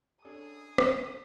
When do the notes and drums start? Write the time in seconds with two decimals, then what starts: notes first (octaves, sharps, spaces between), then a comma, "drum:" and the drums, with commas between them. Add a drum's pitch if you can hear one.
0.25 C#4 D4 G#4 A4 D#6
0.78 drum: rim click